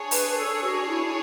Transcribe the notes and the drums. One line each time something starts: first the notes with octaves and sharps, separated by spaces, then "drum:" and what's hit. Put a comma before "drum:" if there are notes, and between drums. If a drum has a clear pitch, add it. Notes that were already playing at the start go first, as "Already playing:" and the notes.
Already playing: D4 G#4 C#5
B4, drum: open hi-hat
B4
A4
F#4
E4